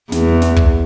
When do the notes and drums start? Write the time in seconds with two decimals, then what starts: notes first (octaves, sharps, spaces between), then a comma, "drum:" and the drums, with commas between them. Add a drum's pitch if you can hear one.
0.12 E2, drum: snare
0.42 drum: snare
0.56 drum: kick